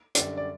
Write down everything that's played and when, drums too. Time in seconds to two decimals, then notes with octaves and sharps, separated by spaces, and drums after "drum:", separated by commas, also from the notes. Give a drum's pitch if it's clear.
0.15 F#2 D3 G3 D5, drum: hi-hat
0.37 D5